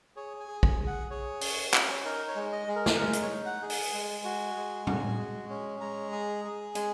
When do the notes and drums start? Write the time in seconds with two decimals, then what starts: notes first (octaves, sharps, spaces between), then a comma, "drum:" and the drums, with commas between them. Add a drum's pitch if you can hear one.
0.16 G#4 C#5
0.40 G#5
0.48 G#4
0.63 G#5, drum: kick A#1
0.79 G#4
0.87 F#5
1.10 G#4 C#5
1.41 C#4, drum: open hi-hat
1.74 C#4, drum: clap
2.05 D#4 A#4
2.28 C#5
2.36 G#3
2.52 D#5
2.68 G#3 G#4
2.76 A#4
2.86 drum: snare
2.99 G#3 A#4
3.13 drum: hi-hat
3.23 C#5
3.31 D#4
3.46 F#5
3.62 G#4
3.70 G#5, drum: open hi-hat
3.93 G#3
4.25 F#4
4.56 G#3
4.87 F#4, drum: tom A2
5.18 G#3
5.50 C#4
5.81 G#3 A#5
6.12 G#4
6.45 G#4
6.75 G#3 G#5, drum: hi-hat